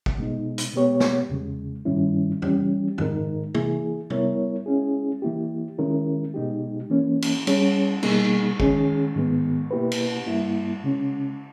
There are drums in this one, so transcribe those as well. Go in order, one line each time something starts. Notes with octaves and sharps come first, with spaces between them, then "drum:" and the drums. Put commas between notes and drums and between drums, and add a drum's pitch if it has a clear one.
drum: kick
B2 G#3 D#4
drum: hi-hat
B2 G#3 B3 G4 C#5
drum: snare
E2 C#3 G#3
G2 D#3 G3 C#4 E4
E3 G3 C#4 G4, drum: tom F2
G#2 D#3 G#3 D#4 A#4, drum: tom F2
E3 A#3 E4 G#4, drum: tom
G3 B3 E4 A#4 C#5, drum: tom
G#3 C#4 E4 G#4
E3 A#3 E4 G4
D#3 G#3 C#4 E4 A#4
B2 G#3 D#4 G4
E3 A#3 C#4
drum: cymbal
G3 C#4 G#4 C#5, drum: cymbal
B2 G3 A#3 D#4 G#4, drum: cymbal
D#3 G#3 C#4 G#4, drum: kick
G#2 D#3 G#3 B3
B2 A#3 E4 G4 B4
drum: cymbal
G2 G3 A#3 E4
C#3 G#3 C#4